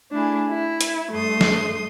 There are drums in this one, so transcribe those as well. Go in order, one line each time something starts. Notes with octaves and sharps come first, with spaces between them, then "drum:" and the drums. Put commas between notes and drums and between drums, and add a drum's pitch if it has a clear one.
A3 D4 E4 G#4
E4
drum: hi-hat
G2 A3 C6 D#6
drum: snare